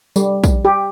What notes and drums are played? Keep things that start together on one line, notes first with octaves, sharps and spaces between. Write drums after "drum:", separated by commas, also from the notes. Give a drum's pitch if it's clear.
G3, drum: tambourine
drum: kick, tambourine
G4